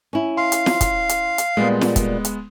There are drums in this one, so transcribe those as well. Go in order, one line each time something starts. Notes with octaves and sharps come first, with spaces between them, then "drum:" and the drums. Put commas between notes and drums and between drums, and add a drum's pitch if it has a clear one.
C#4 E4
F5 C6
drum: hi-hat
drum: snare
drum: kick, hi-hat
drum: hi-hat
drum: hi-hat
A#2 G3 G#3 A#3 B3
drum: snare
drum: kick, hi-hat
drum: hi-hat